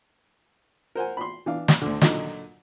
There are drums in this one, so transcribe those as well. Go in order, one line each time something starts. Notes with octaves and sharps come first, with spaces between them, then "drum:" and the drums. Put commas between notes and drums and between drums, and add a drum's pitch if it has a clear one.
A#4 C5 F#5 G#5
B5 C6
E3 D4 F5
drum: snare
D2 D3
A#2 D3 F#3 D#4, drum: snare